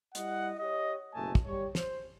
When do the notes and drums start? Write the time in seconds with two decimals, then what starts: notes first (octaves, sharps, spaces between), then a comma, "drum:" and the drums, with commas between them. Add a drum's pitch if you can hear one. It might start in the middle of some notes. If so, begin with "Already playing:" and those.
0.15 G3 E4 D#5 F#5, drum: hi-hat
0.59 G4 C#5 D#5
1.14 F#1 B2 A3 G#5 A5
1.35 drum: kick
1.45 G3 G4 C#5
1.75 C5, drum: snare